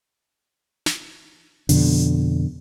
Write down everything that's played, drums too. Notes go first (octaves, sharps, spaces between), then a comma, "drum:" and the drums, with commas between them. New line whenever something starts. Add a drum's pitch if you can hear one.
drum: snare
F2 B2 D3, drum: open hi-hat